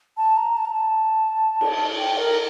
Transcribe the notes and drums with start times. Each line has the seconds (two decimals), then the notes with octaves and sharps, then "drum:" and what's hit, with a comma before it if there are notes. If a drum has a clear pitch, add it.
0.17 A5
0.37 A#5
0.57 A5
0.65 A#5
0.74 A5
1.61 drum: cymbal
1.98 G5
2.18 A#4